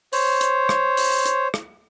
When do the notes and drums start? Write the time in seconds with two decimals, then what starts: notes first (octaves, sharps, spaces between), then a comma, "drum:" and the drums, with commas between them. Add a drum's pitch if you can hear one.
0.13 C5 C#5, drum: open hi-hat
0.41 drum: hi-hat
0.69 drum: rim click
0.97 drum: open hi-hat
1.26 drum: hi-hat
1.54 drum: rim click